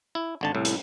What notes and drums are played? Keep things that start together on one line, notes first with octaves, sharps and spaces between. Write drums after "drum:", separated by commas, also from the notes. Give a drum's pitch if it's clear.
E4
G#1 D3 A5
C2 A2
drum: hi-hat